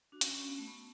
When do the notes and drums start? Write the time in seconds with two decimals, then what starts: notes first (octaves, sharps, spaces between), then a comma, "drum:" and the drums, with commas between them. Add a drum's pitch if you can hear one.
0.12 D4 F#4
0.21 C#4, drum: hi-hat
0.39 C#4
0.48 B3
0.58 A3
0.67 B3